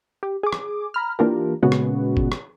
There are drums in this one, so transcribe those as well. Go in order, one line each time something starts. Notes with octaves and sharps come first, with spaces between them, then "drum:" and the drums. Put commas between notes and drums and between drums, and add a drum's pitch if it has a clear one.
G4
G#4 D6
drum: rim click
A#5 B5 F6
E3 A#3 D4 F4 G4 A#4
A#2 C#3 G#3 B3 C#4 F#4
drum: rim click
drum: kick G1
drum: rim click